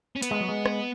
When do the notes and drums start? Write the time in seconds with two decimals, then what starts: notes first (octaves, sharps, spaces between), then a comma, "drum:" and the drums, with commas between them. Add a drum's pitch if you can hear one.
0.16 C#4
0.22 B3, drum: hi-hat
0.31 G#3
0.40 F#3
0.48 G#3
0.66 drum: rim click